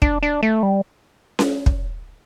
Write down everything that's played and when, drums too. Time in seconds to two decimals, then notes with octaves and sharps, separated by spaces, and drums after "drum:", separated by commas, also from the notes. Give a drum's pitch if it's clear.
0.02 D4, drum: kick
0.23 D4
0.43 A3
0.63 G3
1.39 drum: snare C#4
1.66 drum: kick